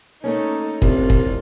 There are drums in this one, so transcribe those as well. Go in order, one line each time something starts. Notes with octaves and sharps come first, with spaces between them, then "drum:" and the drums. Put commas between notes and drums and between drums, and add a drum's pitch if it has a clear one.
A3 A#3 C#4 D#4 A4
C2 C3 F4, drum: kick
drum: kick